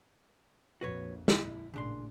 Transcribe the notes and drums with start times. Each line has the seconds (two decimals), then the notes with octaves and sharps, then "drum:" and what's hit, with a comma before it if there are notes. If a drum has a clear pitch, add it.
0.81 A#1 F2 F#4 B4 C#5
1.28 E4, drum: snare
1.74 A1 A#2 C#3 D4 C6